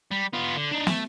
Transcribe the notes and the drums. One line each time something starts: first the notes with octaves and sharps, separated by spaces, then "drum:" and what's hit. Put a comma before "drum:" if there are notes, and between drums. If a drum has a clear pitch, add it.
G3
B3 F4
D3
D4 D#4
A3, drum: snare